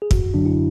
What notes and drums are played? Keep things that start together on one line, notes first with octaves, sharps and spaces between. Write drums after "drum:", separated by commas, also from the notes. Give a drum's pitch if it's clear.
G#4
F#2 F#4, drum: kick
D3 F#3 D4
E4